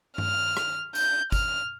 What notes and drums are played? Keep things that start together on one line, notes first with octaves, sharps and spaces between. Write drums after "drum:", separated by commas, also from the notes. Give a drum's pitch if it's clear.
F6, drum: tom G2
drum: rim click
G6, drum: tambourine
F6, drum: kick, tambourine